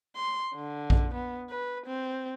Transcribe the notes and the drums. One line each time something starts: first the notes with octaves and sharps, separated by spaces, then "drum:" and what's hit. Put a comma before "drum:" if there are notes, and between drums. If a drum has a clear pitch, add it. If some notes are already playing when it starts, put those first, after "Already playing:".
C6
D3
drum: kick A#1
B3
B4
C4